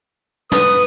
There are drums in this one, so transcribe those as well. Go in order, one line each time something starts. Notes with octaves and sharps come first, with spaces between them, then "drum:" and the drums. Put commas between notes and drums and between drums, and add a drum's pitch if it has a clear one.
B4 D#6, drum: snare